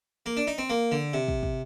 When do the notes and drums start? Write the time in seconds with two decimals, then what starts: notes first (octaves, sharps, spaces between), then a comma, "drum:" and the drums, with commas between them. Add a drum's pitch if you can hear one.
0.26 A#3
0.37 D4
0.47 D#4
0.58 C4
0.70 A#3
0.91 D3
1.13 C3
1.28 drum: kick
1.43 drum: kick